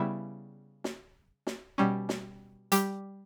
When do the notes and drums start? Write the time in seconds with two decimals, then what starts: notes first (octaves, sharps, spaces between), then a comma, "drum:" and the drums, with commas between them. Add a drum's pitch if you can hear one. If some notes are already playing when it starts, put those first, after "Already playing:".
Already playing: C#3 G3 B3 E4 E5
0.84 drum: snare
1.47 drum: snare
1.78 B2 G3 C#4
2.09 drum: snare
2.72 G3 G4, drum: hi-hat